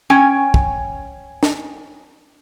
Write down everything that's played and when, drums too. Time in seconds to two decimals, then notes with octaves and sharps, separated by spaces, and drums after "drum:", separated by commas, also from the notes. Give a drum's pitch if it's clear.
0.10 C#4 G5 G#5
0.54 drum: kick
1.43 drum: snare